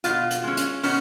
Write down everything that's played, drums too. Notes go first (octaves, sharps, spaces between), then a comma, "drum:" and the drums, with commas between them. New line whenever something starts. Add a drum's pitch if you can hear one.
B2 F4, drum: hi-hat
drum: hi-hat
G#3 C#4
drum: hi-hat
B2 C#4, drum: open hi-hat